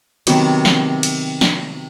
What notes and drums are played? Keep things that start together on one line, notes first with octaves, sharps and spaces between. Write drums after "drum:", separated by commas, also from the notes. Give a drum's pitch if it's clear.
C3 D#3 F#3 B3, drum: cymbal
drum: snare
drum: cymbal
drum: snare